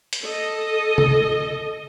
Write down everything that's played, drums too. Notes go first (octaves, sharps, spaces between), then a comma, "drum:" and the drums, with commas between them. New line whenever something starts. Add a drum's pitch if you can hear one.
drum: hi-hat
A4 D#5
drum: tom C3